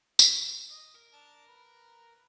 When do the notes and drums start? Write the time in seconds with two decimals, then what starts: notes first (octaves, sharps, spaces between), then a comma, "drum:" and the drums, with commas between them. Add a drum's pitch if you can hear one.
0.19 drum: tambourine
0.70 D#5
0.95 A#4
1.13 D4 A5
1.48 B4